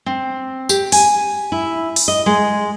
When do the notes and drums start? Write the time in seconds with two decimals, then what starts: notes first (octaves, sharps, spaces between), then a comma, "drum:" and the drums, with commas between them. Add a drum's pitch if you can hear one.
0.06 C4
0.69 G4, drum: tambourine
0.92 G#5, drum: open hi-hat
1.52 E4
1.96 drum: open hi-hat
2.08 D#5
2.26 G#3